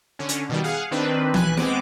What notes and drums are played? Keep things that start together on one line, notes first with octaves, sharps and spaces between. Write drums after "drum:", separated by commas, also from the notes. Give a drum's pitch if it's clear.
D3 C#4
drum: hi-hat
B2 D#3 G3
G#4 F5 F#5
D#3 C4 D4 B4
B1 B4 G#5 F#6, drum: tom E3
G#3 B3 C4 D6, drum: snare